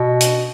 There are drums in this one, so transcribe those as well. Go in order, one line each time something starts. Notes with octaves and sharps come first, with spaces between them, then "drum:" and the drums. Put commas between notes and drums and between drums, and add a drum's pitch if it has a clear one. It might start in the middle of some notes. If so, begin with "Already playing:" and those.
Already playing: B2
drum: hi-hat